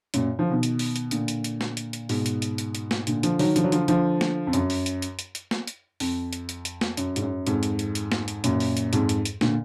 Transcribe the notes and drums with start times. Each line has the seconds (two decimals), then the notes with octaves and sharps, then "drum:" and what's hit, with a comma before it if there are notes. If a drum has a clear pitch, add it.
0.14 F#2 A#2, drum: hi-hat
0.39 D3 F3
0.51 B2 D#3
0.63 drum: hi-hat
0.79 drum: open hi-hat
0.96 drum: hi-hat
1.11 A#2 D3, drum: hi-hat
1.28 drum: hi-hat
1.44 drum: hi-hat
1.61 drum: snare
1.77 drum: hi-hat
1.93 drum: hi-hat
2.09 G#2 B2, drum: open hi-hat
2.26 drum: hi-hat
2.42 drum: hi-hat
2.58 drum: hi-hat
2.75 drum: hi-hat
2.91 drum: snare
3.07 A#2 D3, drum: hi-hat
3.23 D3 F3, drum: hi-hat
3.39 D#3 F#3, drum: open hi-hat
3.56 D3 F3, drum: hi-hat
3.64 F#3
3.72 D3 F3, drum: hi-hat
3.88 D3 F3, drum: hi-hat
4.21 drum: snare
4.47 F2
4.53 F#2, drum: hi-hat
4.70 drum: open hi-hat
4.86 drum: hi-hat
5.02 drum: hi-hat
5.19 drum: hi-hat
5.35 drum: hi-hat
5.51 drum: snare
5.67 drum: hi-hat
6.00 F2, drum: open hi-hat
6.33 drum: hi-hat
6.49 drum: hi-hat
6.65 drum: hi-hat
6.81 drum: snare
6.97 F#2, drum: hi-hat
7.16 G#2, drum: hi-hat
7.22 F#2
7.47 F2 G#2, drum: hi-hat
7.63 drum: hi-hat
7.79 drum: hi-hat
7.95 drum: hi-hat
8.12 drum: snare
8.28 drum: hi-hat
8.44 F#2 A#2, drum: hi-hat
8.60 drum: open hi-hat
8.77 drum: hi-hat
8.93 F2 G#2, drum: hi-hat
9.09 drum: hi-hat
9.25 drum: hi-hat
9.41 A#2 D3, drum: snare